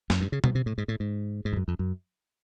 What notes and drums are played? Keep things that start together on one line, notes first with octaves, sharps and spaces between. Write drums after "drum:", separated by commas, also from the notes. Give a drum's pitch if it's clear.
F#2, drum: snare
G2
C#3
B2, drum: tom B2
C3
A2
G#2
A2
G#2
G#2
F2
F#2
F2
F#2